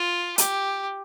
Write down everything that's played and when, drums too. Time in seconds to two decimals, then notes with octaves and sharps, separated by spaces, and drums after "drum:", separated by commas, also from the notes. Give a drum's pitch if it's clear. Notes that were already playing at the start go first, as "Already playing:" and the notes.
Already playing: F4
0.38 G4, drum: hi-hat